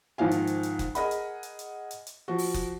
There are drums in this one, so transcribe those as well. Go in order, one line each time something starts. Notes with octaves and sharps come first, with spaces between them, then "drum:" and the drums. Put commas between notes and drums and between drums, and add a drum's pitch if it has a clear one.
G#2 D#3 F3 F5 G#5
drum: hi-hat
drum: hi-hat
drum: hi-hat
drum: kick F#1, hi-hat
G#4 A#4 D#5 F#5 B5, drum: hi-hat
drum: hi-hat
drum: hi-hat
drum: hi-hat
drum: hi-hat
drum: hi-hat
F3 F#4
drum: open hi-hat
drum: kick F#1, hi-hat